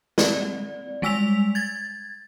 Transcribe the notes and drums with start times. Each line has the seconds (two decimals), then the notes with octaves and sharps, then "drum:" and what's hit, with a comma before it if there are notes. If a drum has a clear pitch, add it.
0.18 C4 D5, drum: snare
1.02 G3 G#3 G#5 E6 B6 F7
1.55 G#6 A6